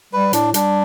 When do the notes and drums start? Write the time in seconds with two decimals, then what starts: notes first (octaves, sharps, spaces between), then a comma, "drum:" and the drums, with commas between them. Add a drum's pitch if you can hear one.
0.13 G3 B4
0.33 A2 D4, drum: hi-hat
0.54 G3 D4, drum: hi-hat